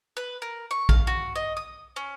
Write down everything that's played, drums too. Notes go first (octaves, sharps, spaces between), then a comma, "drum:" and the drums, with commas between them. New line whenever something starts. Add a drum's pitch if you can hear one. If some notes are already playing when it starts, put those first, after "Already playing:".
B4
A#4
C#6
F5, drum: kick A#1
F#4
D#5
D#6
C#4